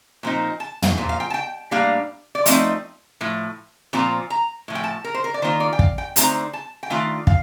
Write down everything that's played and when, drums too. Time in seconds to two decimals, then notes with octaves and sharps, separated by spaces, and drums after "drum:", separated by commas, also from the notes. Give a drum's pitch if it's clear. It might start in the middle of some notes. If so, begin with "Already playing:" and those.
0.23 A#2 F3 C4 D#4
0.60 A5
0.82 drum: tom
0.98 A#2 F3
1.09 F5
1.20 G5
1.30 A5
1.34 G5
1.71 A2 G3 A#3 D4 F5
2.35 D5
2.46 F3 A3 C4 D#4 D#5, drum: hi-hat
3.21 A2 F3
3.93 A#2 F3 C4 F4 A#5
4.30 A#5
4.68 A2 F3
4.75 G5
4.84 A5
5.04 A#4
5.14 C5
5.24 A#4
5.34 D5
5.42 D#3 A#3 F4 C5
5.60 D5
5.73 G5
5.79 F5, drum: kick
5.98 G5
6.16 D3 A3 C4 D#4 A#5, drum: hi-hat
6.53 A5
6.83 G5
6.90 D#3 A3 D4 F4 F5
7.27 F5, drum: kick